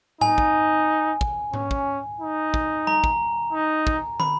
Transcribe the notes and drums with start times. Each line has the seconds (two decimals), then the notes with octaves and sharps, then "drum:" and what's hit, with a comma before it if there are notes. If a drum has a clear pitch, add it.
0.21 D#4 G#5, drum: tom G#2
0.38 drum: kick
1.21 drum: kick
1.54 C#4, drum: tom G#2
1.71 drum: kick
2.20 D#4
2.54 drum: kick
2.87 A#5, drum: tom G3
3.04 drum: kick
3.53 D#4
3.87 drum: kick
4.20 B5, drum: tom